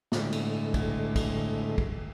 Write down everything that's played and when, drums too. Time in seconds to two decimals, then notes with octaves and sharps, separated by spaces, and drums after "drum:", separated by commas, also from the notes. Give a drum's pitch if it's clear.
0.12 A2 D3 G#3 A3, drum: snare
0.33 drum: cymbal
0.74 drum: kick, cymbal
1.16 drum: kick, cymbal
1.78 drum: kick